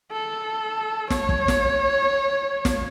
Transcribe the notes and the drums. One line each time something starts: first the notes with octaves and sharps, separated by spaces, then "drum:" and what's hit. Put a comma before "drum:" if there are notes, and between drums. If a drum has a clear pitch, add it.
A4
C#5, drum: snare
drum: kick
drum: snare
drum: snare